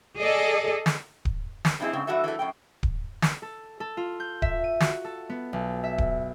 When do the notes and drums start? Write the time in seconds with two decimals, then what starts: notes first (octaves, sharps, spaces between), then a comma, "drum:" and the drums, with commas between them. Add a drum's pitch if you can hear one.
0.19 G#4 A4 D5 D#5
0.86 drum: snare
1.25 drum: kick D1
1.65 drum: snare
1.80 G2 F3 C4 E4 G#4 D#5
1.93 G#2 C#3 C4
2.07 G2 E3 F#4 A4 E5
2.24 E3 F#3 A3
2.39 F#2 A2 G5
2.83 drum: kick D1
3.22 drum: snare
3.42 A4
3.80 A4
3.97 F4
4.20 G6
4.42 E5, drum: kick D1
4.64 D#7
4.80 F#4, drum: snare
5.04 A4
5.30 B3
5.53 B1
5.84 E5
5.98 drum: kick D1